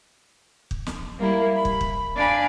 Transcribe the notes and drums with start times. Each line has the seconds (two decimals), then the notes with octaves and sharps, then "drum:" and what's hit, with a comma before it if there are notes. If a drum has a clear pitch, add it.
0.71 drum: kick
0.86 drum: snare
1.18 G3 A#3 E4
1.56 B5
1.65 drum: kick
1.81 drum: kick
2.16 D4 D5 F5 G#5 B5